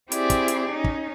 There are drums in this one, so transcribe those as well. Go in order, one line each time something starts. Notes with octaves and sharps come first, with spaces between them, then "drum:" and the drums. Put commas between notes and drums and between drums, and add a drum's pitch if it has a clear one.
C4 E4 G4 G#4 D5, drum: hi-hat
drum: kick, hi-hat
drum: hi-hat
C#4 D#4
drum: kick